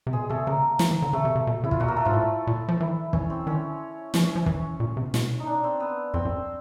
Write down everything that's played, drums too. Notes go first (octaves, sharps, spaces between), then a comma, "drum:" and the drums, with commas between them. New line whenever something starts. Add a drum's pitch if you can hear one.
C3
B2 G#3 G#4
C3 A3 A4
C#3 A#3 A#4
F3, drum: snare
E3
D3
C#3 A3 A4
C3
C3
B2
C#3 E4
F4, drum: kick
B2 F#3 F#4
A#3 A#4
A3 A4
G#2 F3 F4
A2 E4
A#2
F3
E3 E4
E3 C#4, drum: kick
C4
D#3 C#4
F3 C#4, drum: snare
F3
E3, drum: kick
A#2
C3
B2, drum: snare
D#4
D4
C4
B3
F2 C4
F#2